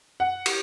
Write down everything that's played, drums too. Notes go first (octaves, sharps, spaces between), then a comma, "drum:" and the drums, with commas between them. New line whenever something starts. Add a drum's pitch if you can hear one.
F#5
drum: cymbal